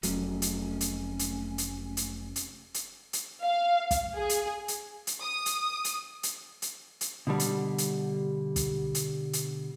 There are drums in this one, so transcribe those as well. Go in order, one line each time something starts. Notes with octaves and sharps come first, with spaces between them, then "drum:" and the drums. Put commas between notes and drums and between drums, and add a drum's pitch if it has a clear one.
F1 F#3 A3 C#4, drum: hi-hat
drum: hi-hat
drum: hi-hat
drum: hi-hat
drum: hi-hat
drum: hi-hat
drum: hi-hat
drum: hi-hat
drum: hi-hat
F5
drum: kick, hi-hat
G#4
drum: hi-hat
drum: hi-hat
drum: hi-hat
D#6
drum: hi-hat
drum: hi-hat
drum: hi-hat
drum: hi-hat
drum: hi-hat
B2 D3 G3
drum: hi-hat
drum: hi-hat
drum: kick, hi-hat
drum: hi-hat
drum: hi-hat